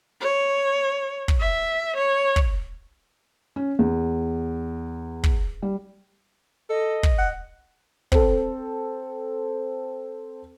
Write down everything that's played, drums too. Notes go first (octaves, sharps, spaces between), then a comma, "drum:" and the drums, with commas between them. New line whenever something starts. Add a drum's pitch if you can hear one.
C#5
drum: kick
E5
C#5
drum: kick
C#4
E2
drum: kick
G3
A4 D#5
drum: kick
F#5
C4 A4, drum: kick